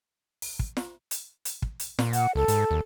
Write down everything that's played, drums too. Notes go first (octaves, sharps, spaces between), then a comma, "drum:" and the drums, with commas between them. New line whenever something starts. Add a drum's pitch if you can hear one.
drum: open hi-hat
drum: kick
drum: snare
drum: hi-hat
drum: hi-hat
drum: kick
drum: hi-hat
A#2, drum: snare
F#5, drum: hi-hat
C#2 A4
G#2, drum: hi-hat
D#2